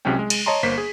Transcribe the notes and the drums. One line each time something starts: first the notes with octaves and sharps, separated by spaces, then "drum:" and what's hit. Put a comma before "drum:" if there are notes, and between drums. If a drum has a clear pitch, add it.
C2 C3 F#3 G#3 C#4 G5
G#3
drum: cymbal
C#5 D#5 A5 A#5 C6
G1 A#3 C5 B6
G#4